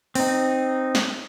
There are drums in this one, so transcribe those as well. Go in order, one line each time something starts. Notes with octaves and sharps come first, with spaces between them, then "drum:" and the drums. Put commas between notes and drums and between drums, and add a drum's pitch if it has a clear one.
C4 D#4, drum: open hi-hat
drum: snare